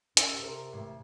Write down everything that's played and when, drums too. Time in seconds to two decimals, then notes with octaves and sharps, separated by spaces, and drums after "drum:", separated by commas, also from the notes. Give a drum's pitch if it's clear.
0.17 F#2 E6, drum: hi-hat
0.30 C3
0.43 A#4 C5
0.73 A1